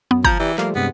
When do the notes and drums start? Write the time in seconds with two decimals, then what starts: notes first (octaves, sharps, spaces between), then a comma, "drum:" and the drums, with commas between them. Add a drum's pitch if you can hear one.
0.11 F#2 B3
0.24 F3 A#5 G6, drum: kick
0.40 E3 G4 D5
0.58 F3 G3 A3 A#3, drum: clap
0.75 G2 C3 G#3 B3